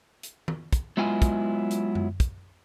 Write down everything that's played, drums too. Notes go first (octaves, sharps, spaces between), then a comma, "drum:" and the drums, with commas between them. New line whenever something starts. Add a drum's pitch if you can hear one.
drum: hi-hat
drum: tom D#3
drum: kick, hi-hat
F#3 G#3 B3 E4 F4 G#5
drum: kick, hi-hat
drum: hi-hat
drum: tom F#2
drum: kick, hi-hat